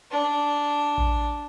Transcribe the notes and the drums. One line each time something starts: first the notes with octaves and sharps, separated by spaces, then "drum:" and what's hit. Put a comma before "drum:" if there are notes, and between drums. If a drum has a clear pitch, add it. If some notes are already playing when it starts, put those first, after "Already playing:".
D4
drum: kick A1